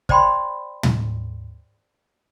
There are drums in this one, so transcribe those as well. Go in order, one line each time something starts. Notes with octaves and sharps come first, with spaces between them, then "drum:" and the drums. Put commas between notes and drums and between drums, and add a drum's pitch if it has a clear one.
C5 D5 G5 B5 C6, drum: kick
drum: tom